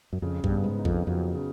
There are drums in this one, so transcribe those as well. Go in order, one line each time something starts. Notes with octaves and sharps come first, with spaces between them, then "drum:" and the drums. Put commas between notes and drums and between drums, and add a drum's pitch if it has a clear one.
F#2
F2 C#3
G2, drum: kick A#1
B3
G#2
D#4
F2, drum: kick A#1
F2 F#3
C#3